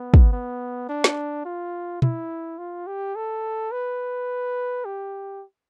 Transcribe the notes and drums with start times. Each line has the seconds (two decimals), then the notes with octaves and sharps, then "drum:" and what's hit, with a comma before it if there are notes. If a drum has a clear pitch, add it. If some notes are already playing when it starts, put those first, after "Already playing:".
Already playing: B3
0.14 drum: kick
0.33 B3
0.89 D4
1.04 drum: snare
1.45 F4
2.02 E4, drum: tom
2.58 F4
2.87 G4
3.16 A4
3.72 B4
4.85 G4